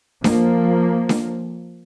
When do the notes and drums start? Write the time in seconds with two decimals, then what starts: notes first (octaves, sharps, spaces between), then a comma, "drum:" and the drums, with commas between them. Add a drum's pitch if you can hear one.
0.24 F3 A#3, drum: snare D4
1.09 drum: snare D4